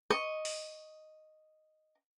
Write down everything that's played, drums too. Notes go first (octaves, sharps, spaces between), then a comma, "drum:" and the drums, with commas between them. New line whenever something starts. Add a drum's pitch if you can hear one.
D#5 C#6, drum: rim click
drum: open hi-hat